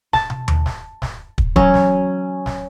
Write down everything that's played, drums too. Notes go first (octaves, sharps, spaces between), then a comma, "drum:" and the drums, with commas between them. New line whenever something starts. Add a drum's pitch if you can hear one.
A5, drum: snare
drum: tom
drum: tom D#2
drum: snare
drum: snare
drum: kick
F#3 C#4, drum: kick
drum: snare
drum: snare